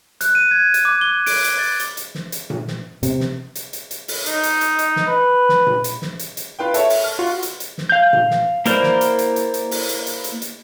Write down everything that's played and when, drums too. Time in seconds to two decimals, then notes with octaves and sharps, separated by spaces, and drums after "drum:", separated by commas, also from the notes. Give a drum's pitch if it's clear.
0.21 F#6, drum: hi-hat
0.35 D#7
0.51 G#6
0.74 drum: hi-hat
0.85 D6
1.01 G7
1.26 D7, drum: open hi-hat
1.44 drum: hi-hat
1.59 A6
1.79 drum: hi-hat
1.97 drum: hi-hat
2.15 drum: snare
2.32 drum: hi-hat
2.50 drum: tom A#2
2.67 drum: snare
3.03 C3, drum: hi-hat
3.20 drum: snare
3.55 drum: hi-hat
3.73 drum: hi-hat
3.91 drum: hi-hat
4.08 drum: open hi-hat
4.26 D#4, drum: hi-hat
4.43 drum: hi-hat
4.61 drum: hi-hat
4.79 drum: hi-hat
4.96 drum: snare
5.07 B4
5.49 drum: snare
5.67 drum: tom A#2
5.84 drum: hi-hat
6.02 drum: snare
6.19 drum: hi-hat
6.37 drum: hi-hat
6.59 F4 B4 G5
6.74 A4 C#5 E5, drum: hi-hat
6.90 drum: open hi-hat
7.04 F6
7.19 F4 F#4
7.43 drum: hi-hat
7.60 drum: hi-hat
7.78 drum: snare
7.89 F5 G6
8.13 drum: tom A#2
8.31 drum: snare
8.66 A#3 E4 A#4 C5 D5, drum: hi-hat
8.83 drum: snare
9.01 drum: hi-hat
9.19 drum: hi-hat
9.36 drum: hi-hat
9.54 drum: hi-hat
9.71 drum: open hi-hat
9.89 drum: hi-hat
10.07 drum: hi-hat
10.24 drum: hi-hat
10.42 drum: hi-hat